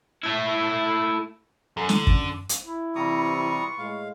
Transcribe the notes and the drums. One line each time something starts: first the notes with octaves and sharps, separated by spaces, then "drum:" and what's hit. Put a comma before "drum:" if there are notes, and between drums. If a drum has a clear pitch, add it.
A3 E4
F#2 A4 A#5
D3, drum: snare
F#2, drum: kick
drum: hi-hat
E4
C3 E3 G3 F4 B4 A#5 C#6 D#6
A2 G#3 F5